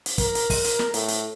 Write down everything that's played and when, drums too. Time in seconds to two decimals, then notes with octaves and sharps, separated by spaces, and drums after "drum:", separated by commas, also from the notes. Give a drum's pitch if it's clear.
0.06 drum: hi-hat
0.18 A#4, drum: kick, hi-hat
0.35 drum: hi-hat
0.50 drum: kick, open hi-hat
0.64 drum: hi-hat
0.79 drum: snare
0.94 A2, drum: hi-hat
1.08 drum: hi-hat